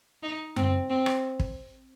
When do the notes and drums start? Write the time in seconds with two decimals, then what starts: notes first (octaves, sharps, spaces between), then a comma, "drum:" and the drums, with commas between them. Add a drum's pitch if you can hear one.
0.23 D#4
0.56 C4, drum: tom F#2
0.90 C4
1.06 drum: rim click
1.40 drum: kick